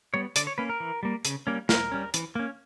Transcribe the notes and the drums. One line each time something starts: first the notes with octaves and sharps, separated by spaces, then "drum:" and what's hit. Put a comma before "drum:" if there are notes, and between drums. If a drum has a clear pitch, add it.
G3 B3 C#5
D3 D5, drum: hi-hat
C#5
A#3 C#4 B4
A#4
E3
G3 A#3
C#3, drum: hi-hat
G3 A#3 C#4
E3 A#4, drum: snare
G3 C#4
E3, drum: hi-hat
A#3 C#4